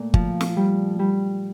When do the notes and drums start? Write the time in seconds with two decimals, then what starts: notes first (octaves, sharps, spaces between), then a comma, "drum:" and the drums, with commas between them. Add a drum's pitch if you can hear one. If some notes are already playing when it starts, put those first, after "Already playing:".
Already playing: A#2 A3
0.14 F3, drum: kick G1
0.41 drum: snare
0.56 G3
0.99 G3